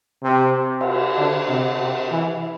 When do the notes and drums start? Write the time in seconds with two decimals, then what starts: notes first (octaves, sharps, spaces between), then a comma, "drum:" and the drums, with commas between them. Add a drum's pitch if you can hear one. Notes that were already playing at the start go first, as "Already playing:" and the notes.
0.24 C3
0.81 drum: cymbal
1.17 D3
1.49 C3
1.80 C3
2.11 E3